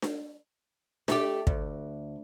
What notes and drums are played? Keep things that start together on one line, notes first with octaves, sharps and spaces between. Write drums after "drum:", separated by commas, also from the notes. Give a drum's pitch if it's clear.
drum: snare D4
A3 G4, drum: snare D4
D2, drum: kick